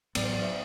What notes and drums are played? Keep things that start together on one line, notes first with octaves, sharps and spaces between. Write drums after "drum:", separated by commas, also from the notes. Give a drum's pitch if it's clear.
A1 A2 F#3 B3 D5, drum: cymbal
C5
D5
E5